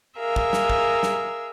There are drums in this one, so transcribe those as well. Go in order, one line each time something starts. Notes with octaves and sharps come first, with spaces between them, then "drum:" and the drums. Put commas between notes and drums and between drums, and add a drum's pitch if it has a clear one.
G#4 A#4 E5 F5
drum: kick
drum: snare
drum: kick
drum: snare